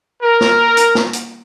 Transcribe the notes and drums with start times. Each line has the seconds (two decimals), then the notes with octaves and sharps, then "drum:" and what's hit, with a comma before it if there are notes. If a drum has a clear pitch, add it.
0.22 A#4
0.41 drum: snare
0.77 drum: hi-hat
0.95 drum: snare
1.13 drum: hi-hat